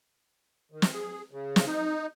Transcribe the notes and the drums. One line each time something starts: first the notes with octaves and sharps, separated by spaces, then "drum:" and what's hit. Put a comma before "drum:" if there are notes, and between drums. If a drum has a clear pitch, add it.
D#3
drum: snare
G#4
C#3
drum: snare
D#4